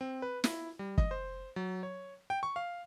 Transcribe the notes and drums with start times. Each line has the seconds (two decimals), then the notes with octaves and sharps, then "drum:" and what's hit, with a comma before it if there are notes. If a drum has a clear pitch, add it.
0.01 C4
0.22 B4
0.44 E4, drum: snare
0.79 G3
0.98 D#5, drum: kick
1.11 C5
1.56 F#3
1.83 C#5
2.30 G5
2.43 C#6
2.56 F5